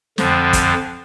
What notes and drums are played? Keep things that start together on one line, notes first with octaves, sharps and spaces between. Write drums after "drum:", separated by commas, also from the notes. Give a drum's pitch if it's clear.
F2 D3 F3, drum: snare
drum: kick, hi-hat